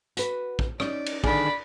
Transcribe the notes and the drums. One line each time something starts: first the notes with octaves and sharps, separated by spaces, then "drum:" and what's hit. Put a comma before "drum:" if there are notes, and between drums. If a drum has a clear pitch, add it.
F#4 B4, drum: hi-hat
drum: kick
C#4 D#4 D5, drum: rim click
drum: cymbal
D3 D#3 G#4 D5 B5, drum: kick